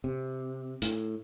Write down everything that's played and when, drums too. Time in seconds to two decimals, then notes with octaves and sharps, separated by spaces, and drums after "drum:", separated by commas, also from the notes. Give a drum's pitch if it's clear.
0.04 C3
0.82 A2, drum: hi-hat